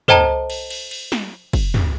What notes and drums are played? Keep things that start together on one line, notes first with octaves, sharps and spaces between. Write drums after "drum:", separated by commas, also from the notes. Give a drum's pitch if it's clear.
A4 C5 D#5 G5 A5 A#5, drum: tom
drum: cymbal
drum: cymbal
drum: cymbal
drum: snare
drum: kick, cymbal
drum: tom